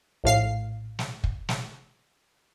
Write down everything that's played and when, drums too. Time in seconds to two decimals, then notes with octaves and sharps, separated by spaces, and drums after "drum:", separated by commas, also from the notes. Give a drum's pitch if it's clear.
0.24 A#1 A2 F5 C7
0.99 drum: snare
1.24 drum: kick
1.49 drum: snare